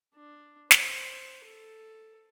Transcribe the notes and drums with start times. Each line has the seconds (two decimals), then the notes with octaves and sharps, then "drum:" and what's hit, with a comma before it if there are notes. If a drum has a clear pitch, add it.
0.15 D4
0.71 C5, drum: snare
1.44 A4